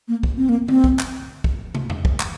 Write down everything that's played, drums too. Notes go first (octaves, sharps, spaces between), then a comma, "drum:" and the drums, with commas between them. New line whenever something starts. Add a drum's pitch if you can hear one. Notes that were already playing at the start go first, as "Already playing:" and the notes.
A#3
drum: kick
C4
A#3
C4, drum: tom D3
drum: kick
drum: clap
drum: kick
drum: tom
drum: tom E2
drum: kick
drum: clap